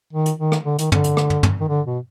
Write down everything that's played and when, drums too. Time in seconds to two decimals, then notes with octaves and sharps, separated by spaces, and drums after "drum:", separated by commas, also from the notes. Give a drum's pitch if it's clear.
0.13 D#3
0.26 drum: hi-hat
0.39 D#3
0.52 drum: rim click
0.65 D3
0.79 D#3, drum: hi-hat
0.92 D3, drum: tom
1.04 drum: hi-hat
1.17 drum: rim click
1.30 drum: tom
1.43 drum: tom
1.61 D#3
1.69 D3
1.87 B2